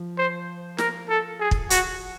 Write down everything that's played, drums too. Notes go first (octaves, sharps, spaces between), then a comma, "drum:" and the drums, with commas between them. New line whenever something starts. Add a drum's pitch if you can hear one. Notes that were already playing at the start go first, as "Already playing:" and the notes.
Already playing: F3
C5
A#4, drum: snare
A4
G#4
drum: kick
F#4, drum: hi-hat